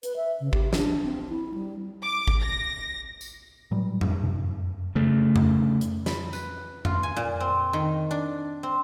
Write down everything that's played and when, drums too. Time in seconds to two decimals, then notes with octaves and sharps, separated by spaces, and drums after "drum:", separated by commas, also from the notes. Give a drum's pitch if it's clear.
0.03 B4, drum: hi-hat
0.16 E5
0.40 C#3
0.53 G4, drum: kick
0.73 D4, drum: snare
1.03 C4
1.29 E4
1.54 G3
2.03 D6
2.28 drum: kick
2.41 A#6
3.21 drum: tambourine
3.71 A2 F#3 G3
4.01 drum: tom F2
4.23 F#2 C3
4.95 C#3 A3
5.36 drum: tom F2
5.81 drum: hi-hat
6.06 B5, drum: snare
6.33 B4, drum: tambourine
6.85 F4, drum: tom F2
7.03 G#5
7.16 A#2
7.40 C4
7.73 D#3
8.11 D4
8.63 C4